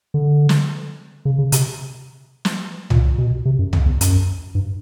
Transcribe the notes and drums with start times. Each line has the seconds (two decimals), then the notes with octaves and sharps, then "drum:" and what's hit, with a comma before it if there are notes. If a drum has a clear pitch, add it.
0.14 D3
0.49 drum: snare
1.25 C#3
1.39 C#3
1.52 C3, drum: hi-hat
2.45 drum: snare
2.90 A#2, drum: tom C2
3.18 B2
3.45 C3
3.59 F#2
3.73 F2, drum: tom C2
3.86 E2
4.01 F#2, drum: hi-hat
4.55 G2